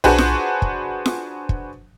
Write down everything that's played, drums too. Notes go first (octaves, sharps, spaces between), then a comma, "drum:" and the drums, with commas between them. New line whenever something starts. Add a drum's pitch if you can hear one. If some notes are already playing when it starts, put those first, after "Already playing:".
D4 F#4 G#4 B4 C5, drum: tom B1
drum: snare F4
drum: kick
drum: snare F4
drum: kick